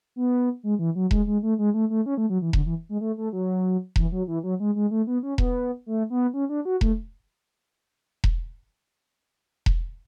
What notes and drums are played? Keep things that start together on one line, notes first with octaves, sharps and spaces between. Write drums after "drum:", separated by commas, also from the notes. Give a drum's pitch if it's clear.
B3
G#3
E3
F#3
G#3, drum: kick E1
G#3
A3
G#3
A3
A3
C#4
A3
F#3
E3
D3, drum: kick E1
E3
G#3
A3
A3
F#3
E3, drum: kick E1
F#3
E3
F#3
G#3
G#3
A3
B3
C#4
B3, drum: kick E1
A3
B3
C#4
D4
F#4
A3, drum: kick E1
drum: kick E1
drum: kick E1